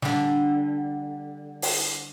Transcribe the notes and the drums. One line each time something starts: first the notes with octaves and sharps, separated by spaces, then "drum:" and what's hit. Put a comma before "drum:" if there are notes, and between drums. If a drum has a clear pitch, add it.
D3 G3, drum: snare
drum: open hi-hat